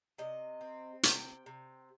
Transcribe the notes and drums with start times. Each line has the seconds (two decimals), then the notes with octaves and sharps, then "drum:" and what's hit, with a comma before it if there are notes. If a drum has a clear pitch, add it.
0.18 C3 D#5
0.61 C4
1.03 C3 G5, drum: hi-hat
1.46 C3